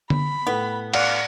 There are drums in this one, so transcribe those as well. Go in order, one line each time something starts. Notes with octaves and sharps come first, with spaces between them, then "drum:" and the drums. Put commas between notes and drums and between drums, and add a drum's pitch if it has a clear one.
B5, drum: tom D3
A2 B3 A4
D5 F5 F#5, drum: cymbal